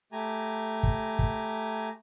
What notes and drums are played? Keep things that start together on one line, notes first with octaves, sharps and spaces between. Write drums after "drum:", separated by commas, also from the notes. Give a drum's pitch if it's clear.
A3 G4 G#5 A#5
drum: kick
drum: kick